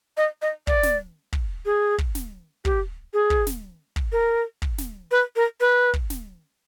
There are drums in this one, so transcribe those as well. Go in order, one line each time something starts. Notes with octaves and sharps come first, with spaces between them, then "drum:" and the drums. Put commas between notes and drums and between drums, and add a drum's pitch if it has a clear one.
D#5
D#5
D5, drum: kick
drum: snare
drum: kick
G#4
drum: kick
drum: snare
G4, drum: kick
G#4
drum: kick
drum: snare
drum: kick
A#4
drum: kick
drum: snare
B4
A#4
B4
drum: kick
drum: snare